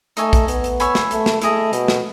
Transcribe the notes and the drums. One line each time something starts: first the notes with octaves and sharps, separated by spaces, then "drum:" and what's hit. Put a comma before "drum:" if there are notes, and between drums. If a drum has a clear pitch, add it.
A3 D#4 A4 C#5 G#5, drum: hi-hat
drum: kick A#1, hi-hat
B3, drum: hi-hat
drum: hi-hat
C#5 E5 G#5 B5, drum: hi-hat
drum: snare
A3, drum: hi-hat
drum: snare
A3 E4 G#4 D#5, drum: hi-hat
B2, drum: hi-hat
drum: snare